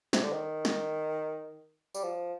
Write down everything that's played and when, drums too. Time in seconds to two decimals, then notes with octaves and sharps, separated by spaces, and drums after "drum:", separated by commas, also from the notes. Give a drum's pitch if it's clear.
0.13 C3, drum: snare
0.23 D3
0.32 D#3
0.65 drum: snare
1.95 G3, drum: tambourine
2.04 F3